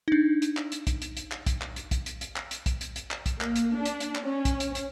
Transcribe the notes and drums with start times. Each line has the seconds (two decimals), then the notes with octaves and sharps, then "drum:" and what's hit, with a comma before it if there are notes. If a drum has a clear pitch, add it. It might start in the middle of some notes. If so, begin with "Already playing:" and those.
0.08 D4 D#4
0.42 drum: hi-hat
0.57 drum: clap
0.72 drum: hi-hat
0.87 drum: kick, hi-hat
1.02 drum: hi-hat
1.17 drum: hi-hat
1.32 drum: clap
1.46 drum: kick, hi-hat
1.61 drum: clap
1.76 drum: hi-hat
1.91 drum: kick, hi-hat
2.06 drum: hi-hat
2.21 drum: hi-hat
2.36 drum: clap
2.51 drum: hi-hat
2.66 drum: kick, hi-hat
2.81 drum: hi-hat
2.96 drum: hi-hat
3.11 drum: clap
3.26 drum: kick, hi-hat
3.41 A#3, drum: clap
3.56 drum: hi-hat
3.76 D4
3.85 drum: hi-hat
4.00 drum: hi-hat
4.15 drum: clap
4.25 C#4
4.45 drum: kick, hi-hat
4.60 drum: hi-hat
4.75 drum: hi-hat